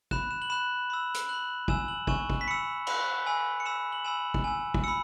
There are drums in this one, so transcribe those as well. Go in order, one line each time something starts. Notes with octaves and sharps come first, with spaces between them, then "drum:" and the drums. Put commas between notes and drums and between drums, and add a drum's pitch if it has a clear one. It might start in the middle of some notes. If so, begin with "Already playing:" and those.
B5 F#6 E7, drum: kick
E7
F#7
B5 F#6 E7
B5 E6
drum: hi-hat
B5 F#6 F#7
G#5 E6 E7, drum: kick
F#7
G#5 C#6 E6 E7, drum: kick
drum: kick
B6
B5 E6 C#7
B5 F#6, drum: cymbal
G#5 B5 E6
C#7
B5 E6 E7
F#7
G#5 B5 E6 E7
drum: kick
G#5 E6
drum: kick
B5 E6 C#7